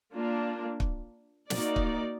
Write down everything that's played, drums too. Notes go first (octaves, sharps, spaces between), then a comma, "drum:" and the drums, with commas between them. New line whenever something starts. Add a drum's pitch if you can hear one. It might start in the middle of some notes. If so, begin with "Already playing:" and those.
A#3 D4 F4
drum: kick
A#3 D#4 F#4 D5, drum: snare
drum: kick